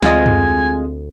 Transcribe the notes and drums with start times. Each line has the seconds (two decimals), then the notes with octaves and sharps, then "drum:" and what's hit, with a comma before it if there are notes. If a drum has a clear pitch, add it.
0.02 D2 G#3 C4 F4 D#5 G#5, drum: snare
0.26 drum: tom